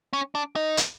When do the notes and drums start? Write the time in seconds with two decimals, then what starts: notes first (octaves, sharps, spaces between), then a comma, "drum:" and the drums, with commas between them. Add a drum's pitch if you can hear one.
0.13 C#4
0.35 D4
0.56 D#4
0.77 drum: hi-hat